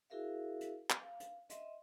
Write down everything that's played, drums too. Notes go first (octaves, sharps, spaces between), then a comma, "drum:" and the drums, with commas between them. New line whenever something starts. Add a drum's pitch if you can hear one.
E4 F#4 G#4 A#4 E5 F5
drum: hi-hat
drum: clap
F5
drum: hi-hat
D#5 E5 C6, drum: hi-hat